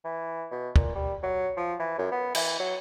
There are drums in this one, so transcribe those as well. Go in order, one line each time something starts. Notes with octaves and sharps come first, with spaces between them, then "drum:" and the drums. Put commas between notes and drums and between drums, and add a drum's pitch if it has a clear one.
E3
B2
A#2, drum: kick
G3
F#3
F3
E3
F#2
B3
E3, drum: cymbal
F#3